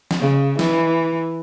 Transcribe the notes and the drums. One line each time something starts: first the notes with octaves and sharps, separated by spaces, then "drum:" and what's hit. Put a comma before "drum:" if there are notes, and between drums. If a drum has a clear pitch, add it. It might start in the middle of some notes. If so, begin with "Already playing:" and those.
drum: snare
C#3
E3, drum: snare